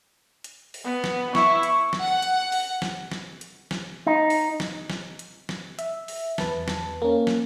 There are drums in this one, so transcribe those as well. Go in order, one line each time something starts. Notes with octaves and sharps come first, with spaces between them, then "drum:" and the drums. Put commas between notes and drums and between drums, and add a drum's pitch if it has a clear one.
drum: hi-hat
drum: open hi-hat
B3
drum: snare
E4 C#6, drum: snare
drum: hi-hat
drum: snare
F#5
drum: hi-hat
drum: open hi-hat
drum: snare
drum: snare
drum: hi-hat
drum: snare
D#4
drum: open hi-hat
drum: snare
drum: snare
drum: hi-hat
drum: snare
E5, drum: hi-hat
drum: open hi-hat
E2 B4 A5, drum: snare
drum: snare
A#3 C#4
drum: snare